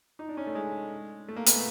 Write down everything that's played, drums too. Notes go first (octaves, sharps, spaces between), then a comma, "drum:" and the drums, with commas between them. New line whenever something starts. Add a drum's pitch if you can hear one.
D#4
D4
C#4
A3
G#3
A3
A#3
B3, drum: hi-hat
A3